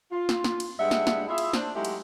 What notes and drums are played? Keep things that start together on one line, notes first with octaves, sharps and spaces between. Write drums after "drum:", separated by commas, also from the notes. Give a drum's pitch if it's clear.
F4
drum: snare
drum: snare
drum: cymbal
G2 G3 G#3 D4 E5 F#5
drum: snare
drum: snare
E4 F4 G#4 E5
drum: cymbal
D4 C5, drum: snare
F#3 G#3 A3 D#4 E4 G4
drum: cymbal